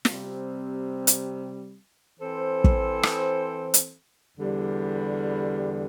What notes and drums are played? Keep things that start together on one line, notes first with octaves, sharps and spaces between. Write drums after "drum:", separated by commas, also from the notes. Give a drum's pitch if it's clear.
C3 G3 C4, drum: snare
drum: hi-hat
E3 C4 A4 C5
drum: kick
drum: rim click
drum: hi-hat
E2 D3 G3